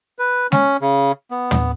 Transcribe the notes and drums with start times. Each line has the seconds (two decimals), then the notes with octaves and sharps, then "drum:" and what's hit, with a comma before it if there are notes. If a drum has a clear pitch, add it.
0.19 B4
0.52 C#4, drum: snare G#3
0.82 C#3
1.31 B3
1.51 drum: tom